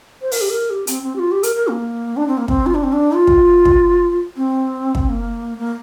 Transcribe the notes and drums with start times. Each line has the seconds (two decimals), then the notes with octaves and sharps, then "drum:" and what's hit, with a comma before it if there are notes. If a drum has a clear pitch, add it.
0.21 C5
0.31 A#4, drum: open hi-hat
0.41 G4
0.50 A#4
0.70 G4
0.87 C4, drum: hi-hat
1.03 C4
1.15 G4
1.19 F4
1.31 G4
1.43 A#4, drum: hi-hat
1.55 A#4
1.68 A#3
2.17 D4
2.28 C4
2.37 A#3
2.48 C4, drum: kick
2.66 F4
2.74 D4
2.83 C4
2.92 D4
3.15 F4
3.27 drum: kick
3.65 drum: kick
4.37 C4
4.95 drum: kick
5.09 A#3
5.58 A#3